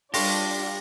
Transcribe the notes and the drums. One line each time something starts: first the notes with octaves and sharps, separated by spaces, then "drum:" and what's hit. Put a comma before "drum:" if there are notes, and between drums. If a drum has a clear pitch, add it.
G3 D4 F4 G4 F5 C6 C#6 A#6, drum: open hi-hat